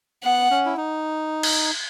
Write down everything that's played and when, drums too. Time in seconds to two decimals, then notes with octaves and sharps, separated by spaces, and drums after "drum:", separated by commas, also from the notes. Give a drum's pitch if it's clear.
0.24 B3 F#5
0.51 C#4
0.66 E4
0.77 D#4
1.43 drum: cymbal